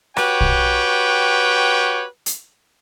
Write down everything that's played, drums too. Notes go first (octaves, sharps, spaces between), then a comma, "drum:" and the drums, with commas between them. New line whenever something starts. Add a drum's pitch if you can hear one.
F#4 G4 B4 C#5 G5, drum: rim click
drum: kick
drum: hi-hat